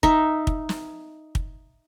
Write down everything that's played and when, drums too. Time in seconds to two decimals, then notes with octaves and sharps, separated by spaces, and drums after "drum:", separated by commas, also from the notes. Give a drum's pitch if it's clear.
0.03 D#4 E5, drum: kick
0.47 drum: kick
0.69 drum: snare
1.35 drum: kick